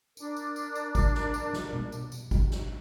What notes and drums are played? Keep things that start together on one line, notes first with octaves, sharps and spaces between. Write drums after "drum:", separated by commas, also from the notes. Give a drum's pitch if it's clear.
D4 A#4, drum: tambourine
drum: tambourine
drum: tambourine
drum: tambourine
drum: kick, tambourine
drum: snare
drum: tambourine
drum: snare
drum: tom B2
drum: tambourine
drum: tambourine
drum: kick, tambourine
drum: snare